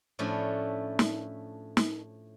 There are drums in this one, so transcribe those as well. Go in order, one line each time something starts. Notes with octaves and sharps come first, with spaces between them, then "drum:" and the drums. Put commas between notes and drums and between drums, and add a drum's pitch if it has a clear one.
A2 F3 A3 C#4 D4 A4
drum: snare
drum: snare